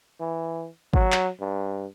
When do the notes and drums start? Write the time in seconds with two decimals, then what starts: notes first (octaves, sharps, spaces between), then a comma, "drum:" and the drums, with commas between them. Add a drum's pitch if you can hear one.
0.20 E3
0.93 F#3, drum: kick G#1
1.12 drum: clap
1.40 G2